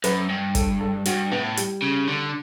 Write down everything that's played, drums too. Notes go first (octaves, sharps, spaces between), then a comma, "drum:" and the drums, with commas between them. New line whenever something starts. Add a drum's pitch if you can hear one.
F#2 B4, drum: hi-hat
G2
A4, drum: kick, hi-hat
A4
G2 F#4, drum: hi-hat
A2 B3
G3, drum: hi-hat
C#3
D3